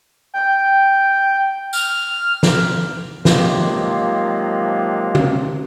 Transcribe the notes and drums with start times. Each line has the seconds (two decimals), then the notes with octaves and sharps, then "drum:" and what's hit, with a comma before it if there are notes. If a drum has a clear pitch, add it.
0.34 G5
1.73 F6, drum: tambourine
2.43 drum: snare
3.25 C3 D#3 F3 F#3 G#3 A#3, drum: snare
5.15 drum: tom